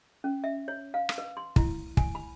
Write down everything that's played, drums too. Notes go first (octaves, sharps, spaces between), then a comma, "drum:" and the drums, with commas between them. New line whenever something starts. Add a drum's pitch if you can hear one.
C#4
E5
C#5
F5
drum: rim click
B4
C6
E4, drum: kick
G#5, drum: kick
B5